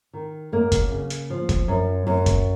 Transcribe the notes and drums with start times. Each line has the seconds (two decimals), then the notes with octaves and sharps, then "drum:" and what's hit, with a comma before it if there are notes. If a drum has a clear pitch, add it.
0.13 D#3
0.52 F#2 A#3
0.72 drum: kick, hi-hat
0.91 C#3
1.10 drum: hi-hat
1.30 F3
1.49 drum: kick, hi-hat
1.68 F#2
2.07 F#2
2.26 drum: kick, hi-hat